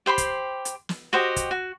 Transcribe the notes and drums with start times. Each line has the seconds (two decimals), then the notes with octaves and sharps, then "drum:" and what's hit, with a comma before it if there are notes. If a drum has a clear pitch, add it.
0.06 G4 C5 B5 C6
0.18 drum: kick, hi-hat
0.65 drum: hi-hat
0.89 drum: snare
1.13 F#4 G4 C5 D#5
1.36 drum: kick, hi-hat
1.51 F#4